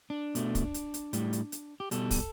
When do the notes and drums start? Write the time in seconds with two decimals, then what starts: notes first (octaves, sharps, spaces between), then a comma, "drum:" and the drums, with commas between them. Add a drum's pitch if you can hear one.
0.10 D4
0.35 B2 A3, drum: hi-hat
0.55 drum: kick, hi-hat
0.74 drum: hi-hat
0.94 drum: hi-hat
1.13 A2 G3, drum: hi-hat
1.33 drum: hi-hat
1.52 drum: hi-hat
1.80 G4
1.91 B2 G3 A4, drum: hi-hat
2.11 drum: kick, open hi-hat